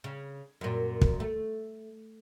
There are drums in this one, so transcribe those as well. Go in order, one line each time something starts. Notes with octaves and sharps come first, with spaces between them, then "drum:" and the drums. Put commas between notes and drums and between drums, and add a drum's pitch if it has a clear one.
C#3
F#2 A#2
drum: kick
A3